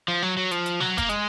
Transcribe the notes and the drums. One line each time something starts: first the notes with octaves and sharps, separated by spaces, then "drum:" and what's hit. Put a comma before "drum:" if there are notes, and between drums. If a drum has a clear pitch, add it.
F3
F#3
F#3
F3, drum: hi-hat
drum: hi-hat
F#3, drum: snare
A#3, drum: kick, hi-hat
G#3, drum: hi-hat